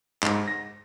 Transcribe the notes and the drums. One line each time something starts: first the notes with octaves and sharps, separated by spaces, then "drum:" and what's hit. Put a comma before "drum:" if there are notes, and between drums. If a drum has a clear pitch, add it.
G#2, drum: clap
A#6